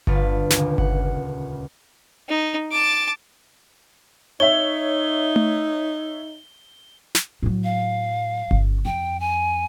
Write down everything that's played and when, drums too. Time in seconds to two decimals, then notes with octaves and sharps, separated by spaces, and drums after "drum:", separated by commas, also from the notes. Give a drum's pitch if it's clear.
0.07 G1 D3 F4 B4, drum: kick G1
0.50 D#1 C#2, drum: snare
0.78 F#5, drum: kick G1
2.29 D#4
2.72 A5 D6
4.40 D#4 C#5 E5 G7
5.36 drum: tom A3
7.15 drum: snare
7.43 A2 F#3
7.64 F5
8.51 G1 C#3, drum: kick G1
8.85 F2 G5
9.20 G#5